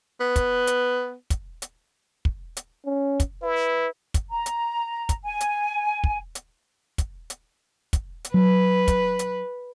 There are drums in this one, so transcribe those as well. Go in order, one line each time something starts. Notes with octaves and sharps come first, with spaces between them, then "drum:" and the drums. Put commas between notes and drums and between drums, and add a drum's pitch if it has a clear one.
B3
drum: kick, hi-hat
drum: hi-hat
drum: kick, hi-hat
drum: hi-hat
drum: kick
drum: hi-hat
C#4
drum: kick, hi-hat
E4 B4
drum: kick, hi-hat
A#5
drum: hi-hat
drum: kick, hi-hat
G#5
drum: hi-hat
drum: kick
drum: hi-hat
drum: kick, hi-hat
drum: hi-hat
drum: kick, hi-hat
drum: hi-hat
F#3 B4
drum: kick, hi-hat
drum: hi-hat